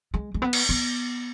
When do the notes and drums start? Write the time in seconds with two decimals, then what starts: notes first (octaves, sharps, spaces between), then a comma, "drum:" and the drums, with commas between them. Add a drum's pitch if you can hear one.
0.14 G#3
0.34 G#3
0.42 B3
0.53 drum: cymbal
0.69 B3